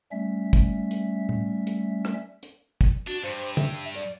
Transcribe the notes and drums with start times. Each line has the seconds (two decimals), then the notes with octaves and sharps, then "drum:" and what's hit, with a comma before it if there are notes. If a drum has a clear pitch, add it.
0.12 G3 A3 C#4 E5
0.53 drum: kick, hi-hat
0.91 drum: hi-hat
1.29 drum: tom A2
1.67 drum: hi-hat
2.05 drum: rim click
2.43 drum: hi-hat
2.81 drum: kick, hi-hat
3.07 D4 F#4
3.23 G2 C5
3.57 E5, drum: tom
3.95 D5, drum: hi-hat